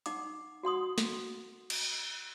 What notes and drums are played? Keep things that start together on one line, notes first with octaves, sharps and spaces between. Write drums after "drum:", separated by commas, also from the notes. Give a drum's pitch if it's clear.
D#4 F#5 D6, drum: hi-hat
F#4 F#5 C6 D#6
drum: snare
drum: cymbal